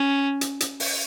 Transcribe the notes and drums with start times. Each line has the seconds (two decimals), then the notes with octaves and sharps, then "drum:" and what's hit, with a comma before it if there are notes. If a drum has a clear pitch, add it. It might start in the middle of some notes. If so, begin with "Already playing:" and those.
Already playing: C#4
0.41 drum: hi-hat
0.60 drum: hi-hat
0.80 drum: open hi-hat